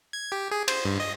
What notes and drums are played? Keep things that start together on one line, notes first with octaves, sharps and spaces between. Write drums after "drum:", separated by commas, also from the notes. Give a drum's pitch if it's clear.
G#6
G4
G#4
C5, drum: cymbal
G2
D#5